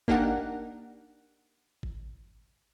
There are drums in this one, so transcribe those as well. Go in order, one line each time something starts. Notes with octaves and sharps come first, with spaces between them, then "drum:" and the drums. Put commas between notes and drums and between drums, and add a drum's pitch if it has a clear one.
A#3 D4 D#4 G4 A#4 F#5, drum: kick G#1
drum: kick G#1